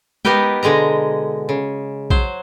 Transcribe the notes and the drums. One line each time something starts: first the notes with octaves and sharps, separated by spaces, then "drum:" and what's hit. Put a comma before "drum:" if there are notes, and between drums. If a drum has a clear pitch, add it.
B3 D#4 G4 A#4 B4 G5, drum: tom G#3
B2 D3 G#3 D#5 A#5
C#3
F#3 C5, drum: kick A#1